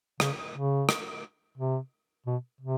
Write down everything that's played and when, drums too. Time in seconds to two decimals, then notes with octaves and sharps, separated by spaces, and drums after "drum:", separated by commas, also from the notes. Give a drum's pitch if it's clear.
0.20 C#3, drum: rim click
0.55 C#3
0.89 drum: rim click
1.57 C3
2.26 B2
2.60 C3